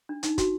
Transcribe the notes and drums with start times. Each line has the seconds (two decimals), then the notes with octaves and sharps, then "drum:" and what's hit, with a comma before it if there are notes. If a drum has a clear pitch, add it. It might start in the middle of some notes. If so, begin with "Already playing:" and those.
0.09 D4
0.23 D#4, drum: hi-hat
0.38 F#4, drum: kick, hi-hat